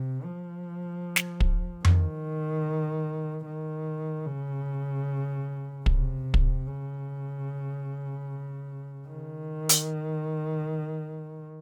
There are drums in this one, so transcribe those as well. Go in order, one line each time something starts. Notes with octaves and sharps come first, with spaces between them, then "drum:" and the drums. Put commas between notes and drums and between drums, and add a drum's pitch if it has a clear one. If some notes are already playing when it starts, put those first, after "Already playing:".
Already playing: C3
F3
drum: snare
drum: kick
D#3, drum: tom F2
D#3
C#3
C3, drum: kick
drum: kick
C#3
D#3
drum: hi-hat